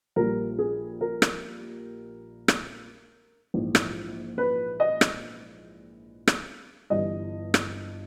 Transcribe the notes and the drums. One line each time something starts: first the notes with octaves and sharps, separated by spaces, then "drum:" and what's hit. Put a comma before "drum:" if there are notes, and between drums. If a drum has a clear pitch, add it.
A#1 A#2 G3 A#4
G#4
A#4
drum: rim click
drum: rim click
A#1 G#2 E3
drum: rim click
B4
D#5
drum: rim click
drum: rim click
G1 G2 E3 G3 D#5
drum: rim click